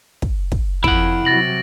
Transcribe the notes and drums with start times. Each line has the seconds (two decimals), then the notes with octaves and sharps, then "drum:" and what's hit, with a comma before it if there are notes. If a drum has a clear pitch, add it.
0.22 drum: kick
0.52 drum: kick
0.84 F2 E4 F#5 D7, drum: kick
1.25 C3 F#3 A6 A#6 F#7